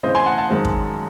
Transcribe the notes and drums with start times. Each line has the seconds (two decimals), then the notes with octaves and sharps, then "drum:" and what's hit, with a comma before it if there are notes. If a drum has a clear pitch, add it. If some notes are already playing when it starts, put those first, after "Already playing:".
0.03 C#3 E3 C4 C5 D#5
0.15 G#5 C6
0.26 F#5 A5
0.38 F#5 A5
0.49 F#2 D#3 G#3 C4
0.65 drum: kick